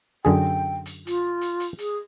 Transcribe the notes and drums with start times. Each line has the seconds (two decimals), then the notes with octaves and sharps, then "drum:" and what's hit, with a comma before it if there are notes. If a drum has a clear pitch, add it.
0.25 F#2 D3 G#4 G5
0.86 drum: hi-hat
1.07 F4, drum: hi-hat
1.41 drum: hi-hat
1.60 drum: hi-hat
1.78 G#4, drum: hi-hat